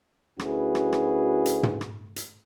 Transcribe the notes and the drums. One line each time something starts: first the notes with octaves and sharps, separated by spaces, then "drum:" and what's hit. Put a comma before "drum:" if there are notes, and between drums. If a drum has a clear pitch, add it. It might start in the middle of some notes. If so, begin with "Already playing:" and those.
D2 C#4 E4 F#4 G#4 B4, drum: rim click
drum: rim click
drum: rim click
drum: hi-hat
drum: tom
drum: rim click
drum: hi-hat